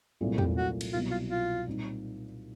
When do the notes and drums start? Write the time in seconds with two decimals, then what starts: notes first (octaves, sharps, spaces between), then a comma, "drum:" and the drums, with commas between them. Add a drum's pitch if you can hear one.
0.21 C2 A#2 F#3 A3 C4
0.38 G4, drum: tom E2
0.57 F#4
0.81 drum: cymbal
0.93 C2 B2 F#3 B3 F4
1.11 F4
1.30 F4
1.67 A#2 G3 C4 D#4